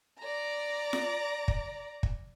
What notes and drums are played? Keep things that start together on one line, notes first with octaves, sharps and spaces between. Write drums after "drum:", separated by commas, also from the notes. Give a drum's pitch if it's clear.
D5 A#5
drum: snare F4
drum: kick
drum: kick